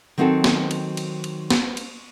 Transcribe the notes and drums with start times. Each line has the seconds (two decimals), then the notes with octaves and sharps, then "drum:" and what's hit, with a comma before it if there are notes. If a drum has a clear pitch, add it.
0.18 D#3 F#3 C4 D#4 F#4 A4
0.44 drum: snare
0.71 drum: cymbal
0.97 drum: cymbal
1.24 drum: cymbal
1.50 drum: snare
1.77 drum: cymbal